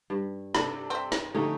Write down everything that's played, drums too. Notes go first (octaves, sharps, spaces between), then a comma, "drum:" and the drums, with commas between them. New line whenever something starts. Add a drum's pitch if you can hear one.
G2
C3 D4 A4 B5, drum: snare
C4 E5
drum: snare
F2 D3 A3 C#4 D#4 G4